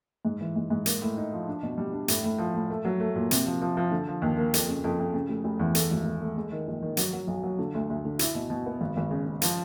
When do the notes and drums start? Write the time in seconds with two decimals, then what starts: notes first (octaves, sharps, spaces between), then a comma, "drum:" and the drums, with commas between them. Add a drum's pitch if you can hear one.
0.25 G#2
0.41 E3
0.56 G#2
0.70 G#2
0.86 A#3, drum: hi-hat
1.02 A2
1.17 D#4
1.33 F3
1.48 D4
1.63 B2
1.78 G3
1.93 D4
2.08 A2, drum: hi-hat
2.24 A2
2.38 F3
2.54 A2
2.70 A3
2.85 F#3
3.00 A3
3.16 A#2
3.31 C3, drum: hi-hat
3.46 F3
3.62 F3
3.77 F3
3.92 D3
4.08 F3
4.22 D#2
4.37 A#3
4.54 F2, drum: hi-hat
4.69 C#3
4.84 F2
4.99 F2
5.14 C#3
5.29 F1
5.44 F1
5.59 E2
5.75 A3, drum: hi-hat
5.91 G#1
6.06 A3
6.21 A3
6.37 G#3
6.52 D#3
6.67 A#1
6.82 D#3
6.97 F#3, drum: hi-hat
7.13 F#3
7.27 B1
7.44 F#3
7.59 D3
7.74 D2
7.90 D2
8.05 D3
8.19 E4, drum: hi-hat
8.35 B2
8.50 B2
8.66 B3
8.81 G#1
8.97 G#1
9.11 C#3
9.26 C#3
9.42 F3, drum: hi-hat